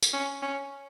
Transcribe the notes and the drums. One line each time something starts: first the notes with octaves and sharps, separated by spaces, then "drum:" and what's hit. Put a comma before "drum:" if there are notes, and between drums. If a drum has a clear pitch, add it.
drum: tambourine
C#4
C#4